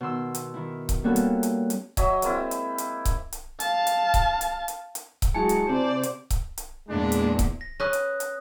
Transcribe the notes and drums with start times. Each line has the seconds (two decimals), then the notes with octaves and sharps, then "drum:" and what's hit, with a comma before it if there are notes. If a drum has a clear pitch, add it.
0.01 B2 D#3 C6 E6
0.35 drum: hi-hat
0.54 D#3 E4
0.89 drum: kick C#1, hi-hat
1.04 G3 A#3 B3 C#4 F#4 A4
1.16 drum: hi-hat
1.43 drum: hi-hat
1.70 drum: hi-hat
1.97 F#3 D#5 E5 G#5, drum: kick C#1, hi-hat
2.22 G#3 A#3 C4 E4, drum: hi-hat
2.51 drum: hi-hat
2.78 drum: hi-hat
3.05 drum: kick C#1, hi-hat
3.33 drum: hi-hat
3.60 F5 A5, drum: hi-hat
3.87 drum: hi-hat
4.14 drum: kick C#1, hi-hat
4.41 drum: hi-hat
4.68 drum: hi-hat
4.95 drum: hi-hat
5.22 drum: kick C#1, hi-hat
5.34 F#3 G#3 E4 G#5 A5 C#7
5.49 drum: hi-hat
5.69 C3 C5 D5
6.03 drum: hi-hat
6.30 drum: kick C#1, hi-hat
6.58 drum: hi-hat
6.89 E2 A#2 G#3 A#3 D4
7.12 drum: hi-hat
7.39 drum: kick C#1, hi-hat
7.61 A#6
7.80 C#4 B4 D#6 F#6 A#6
7.93 drum: hi-hat
8.20 drum: hi-hat